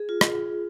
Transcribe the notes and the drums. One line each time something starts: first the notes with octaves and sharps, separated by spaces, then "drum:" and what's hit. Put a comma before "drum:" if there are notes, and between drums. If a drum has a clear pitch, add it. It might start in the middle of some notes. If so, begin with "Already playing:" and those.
Already playing: G#4
F4
drum: rim click